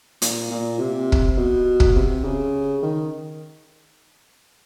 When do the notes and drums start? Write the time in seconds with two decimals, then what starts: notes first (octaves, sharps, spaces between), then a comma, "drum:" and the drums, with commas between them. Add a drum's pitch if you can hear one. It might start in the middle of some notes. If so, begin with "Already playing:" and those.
0.22 A#2, drum: hi-hat
0.51 A#2
0.79 C3
1.12 drum: kick
1.37 B2
1.80 drum: kick
1.95 C3
2.24 C#3
2.82 D#3